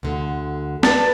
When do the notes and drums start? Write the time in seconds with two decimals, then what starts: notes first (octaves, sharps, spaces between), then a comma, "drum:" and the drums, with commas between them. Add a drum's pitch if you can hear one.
0.03 D2 D3
0.83 B4 D5 A5, drum: snare